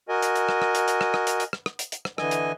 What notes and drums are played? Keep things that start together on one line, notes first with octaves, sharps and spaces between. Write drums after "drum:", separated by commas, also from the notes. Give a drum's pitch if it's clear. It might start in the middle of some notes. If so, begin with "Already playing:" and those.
F#4 A#4 D#5 G#5
drum: hi-hat
drum: hi-hat
drum: rim click
drum: rim click
drum: hi-hat
drum: hi-hat
drum: rim click
drum: rim click
drum: hi-hat
drum: hi-hat
drum: rim click
drum: rim click
drum: hi-hat
drum: hi-hat
drum: rim click
D3 E3 D#5 G#5, drum: rim click
drum: hi-hat